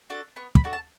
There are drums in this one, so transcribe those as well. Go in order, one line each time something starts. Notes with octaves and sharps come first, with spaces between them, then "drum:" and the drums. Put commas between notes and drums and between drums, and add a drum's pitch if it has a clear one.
D4 F#4 A4
B3 C#6
B5, drum: kick
D4 F#4 A4
A5